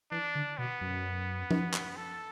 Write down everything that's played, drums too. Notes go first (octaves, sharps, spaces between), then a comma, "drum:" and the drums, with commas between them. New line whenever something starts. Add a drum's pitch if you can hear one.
E3 D4
D3
B2 B3
F#2
drum: tom F3
drum: clap
A4